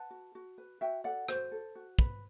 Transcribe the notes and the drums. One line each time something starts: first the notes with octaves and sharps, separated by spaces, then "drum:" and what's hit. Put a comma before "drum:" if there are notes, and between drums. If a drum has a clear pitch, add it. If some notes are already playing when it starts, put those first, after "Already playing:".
Already playing: B4 F#5 A5
F#4
F#4
B4
F#4 E5 G5
A4 D5 F#5
F#4 C5, drum: rim click
A4
F#4
B4, drum: kick